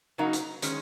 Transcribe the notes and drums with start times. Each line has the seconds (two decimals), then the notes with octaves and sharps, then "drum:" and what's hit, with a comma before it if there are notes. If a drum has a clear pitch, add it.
0.18 C#3 F#3 A#3 D#4 F#4
0.33 drum: hi-hat
0.62 D#3 G#3 C#4, drum: hi-hat